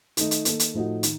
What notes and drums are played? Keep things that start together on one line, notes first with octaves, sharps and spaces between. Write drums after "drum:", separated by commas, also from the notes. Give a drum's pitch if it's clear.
D#3 A3 D#4, drum: hi-hat
drum: hi-hat
D#3 A#3 D#4 A4, drum: hi-hat
drum: hi-hat
A2 F3 A3 D#4 F#4
D#3, drum: hi-hat